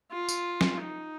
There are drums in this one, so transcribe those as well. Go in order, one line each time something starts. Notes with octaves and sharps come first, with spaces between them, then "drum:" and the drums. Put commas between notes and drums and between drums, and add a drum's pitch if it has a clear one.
F4
drum: tambourine
drum: snare
D#4